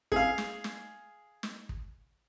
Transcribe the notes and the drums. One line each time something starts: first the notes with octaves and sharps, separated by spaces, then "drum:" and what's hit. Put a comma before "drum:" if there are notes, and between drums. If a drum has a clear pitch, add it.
G#4 F5, drum: kick
drum: snare
drum: snare
drum: snare
drum: kick